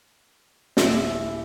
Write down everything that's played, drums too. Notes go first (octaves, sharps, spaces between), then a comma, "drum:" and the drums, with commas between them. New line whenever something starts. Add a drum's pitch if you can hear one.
D#1 E4 G4 D5 A#6, drum: snare